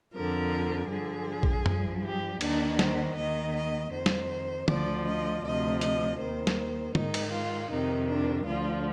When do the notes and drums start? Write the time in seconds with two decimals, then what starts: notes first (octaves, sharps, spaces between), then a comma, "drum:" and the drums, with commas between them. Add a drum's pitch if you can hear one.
0.14 F2 D3 F3 A#4
0.90 G2 D3 F3 G#4
1.43 drum: kick A#1
1.66 G2 F3, drum: tom
2.04 G4
2.41 D#2 D#3 D4, drum: cymbal
2.79 C5, drum: snare
3.17 D#2 D#3 D#5
3.55 D#5
3.92 F2 D#3 C5
4.06 drum: snare
4.68 D2 D3 F3 D5, drum: tom
5.06 D#5
5.43 D2 C3 F3 D#5
5.81 D#5, drum: hi-hat
6.19 D#2 D#3 C5
6.47 drum: snare
6.95 G#2 D#3 D#4, drum: tom
7.14 drum: cymbal
7.33 F4
7.71 F2 C3 D#3 D#4
8.08 D4
8.46 D2 D3 F3 F4